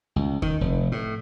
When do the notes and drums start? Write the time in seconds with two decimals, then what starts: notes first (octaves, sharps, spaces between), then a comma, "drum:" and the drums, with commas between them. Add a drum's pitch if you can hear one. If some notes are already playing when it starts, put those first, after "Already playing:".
0.16 C#2
0.42 D#3, drum: kick
0.61 F1
0.92 A2